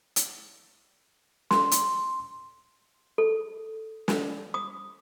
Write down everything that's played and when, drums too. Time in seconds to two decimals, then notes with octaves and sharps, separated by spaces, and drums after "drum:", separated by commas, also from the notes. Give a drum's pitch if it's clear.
0.16 drum: hi-hat
1.51 C6, drum: snare
1.71 drum: hi-hat
3.18 A4
4.08 drum: snare
4.54 D#6